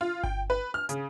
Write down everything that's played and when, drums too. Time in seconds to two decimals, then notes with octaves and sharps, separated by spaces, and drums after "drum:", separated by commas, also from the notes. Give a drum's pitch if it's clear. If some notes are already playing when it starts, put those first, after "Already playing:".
0.01 F4
0.23 G5, drum: kick G1
0.50 B4
0.74 F6
0.89 C#3, drum: hi-hat